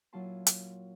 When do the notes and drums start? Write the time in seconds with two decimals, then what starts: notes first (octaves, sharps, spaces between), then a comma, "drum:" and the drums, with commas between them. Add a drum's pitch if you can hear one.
0.13 A#2 F#3 E4 F4 A5 C6
0.47 drum: hi-hat